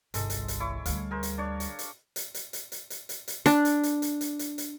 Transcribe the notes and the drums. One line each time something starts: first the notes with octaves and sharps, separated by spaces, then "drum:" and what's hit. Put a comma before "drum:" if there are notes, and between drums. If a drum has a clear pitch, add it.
G1 C2 G#3 A4, drum: hi-hat
drum: hi-hat
drum: hi-hat
E4 C#5 D6
D2 G3 F5, drum: hi-hat
G#4 A#4 C5
drum: hi-hat
D4 C#5
drum: hi-hat
drum: hi-hat
drum: hi-hat
drum: hi-hat
drum: hi-hat
drum: hi-hat
drum: hi-hat
drum: hi-hat
drum: hi-hat
D4, drum: hi-hat
drum: hi-hat
drum: hi-hat
drum: hi-hat
drum: hi-hat
drum: hi-hat
drum: hi-hat